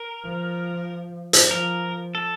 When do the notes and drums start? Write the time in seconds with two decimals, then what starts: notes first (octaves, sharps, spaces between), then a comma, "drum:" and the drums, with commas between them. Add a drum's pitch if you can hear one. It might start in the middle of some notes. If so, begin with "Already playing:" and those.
Already playing: A#4
0.25 F3
1.33 drum: hi-hat
1.51 F3 A#4
2.15 A4